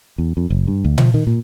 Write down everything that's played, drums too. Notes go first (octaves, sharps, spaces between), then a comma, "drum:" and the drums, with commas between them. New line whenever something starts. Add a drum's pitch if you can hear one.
E2
F2
F#1
G2
D2
F3, drum: tom A#2
D#3
A#2